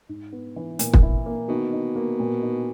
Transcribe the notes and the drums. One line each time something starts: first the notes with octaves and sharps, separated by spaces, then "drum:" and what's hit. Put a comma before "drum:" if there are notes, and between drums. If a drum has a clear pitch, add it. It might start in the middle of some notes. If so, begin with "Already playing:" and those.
G#2
B3
E3
A#2, drum: hi-hat
drum: kick
E4
A#3
B2 D#3
D#4
A#3
A#2
D#4